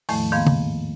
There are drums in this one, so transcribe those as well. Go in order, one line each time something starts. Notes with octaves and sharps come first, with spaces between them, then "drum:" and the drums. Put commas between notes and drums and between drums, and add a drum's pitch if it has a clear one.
E2 A2 D#3 F3 A3, drum: open hi-hat
G#2 D#3 A#3 B3 F5 G#6
drum: tom C#3